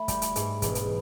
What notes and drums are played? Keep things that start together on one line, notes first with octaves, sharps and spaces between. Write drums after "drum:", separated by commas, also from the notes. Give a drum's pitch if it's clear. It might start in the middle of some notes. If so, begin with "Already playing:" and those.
Already playing: A3 B5
G3, drum: kick, hi-hat
drum: hi-hat
G#2, drum: hi-hat
E1, drum: kick, hi-hat
drum: hi-hat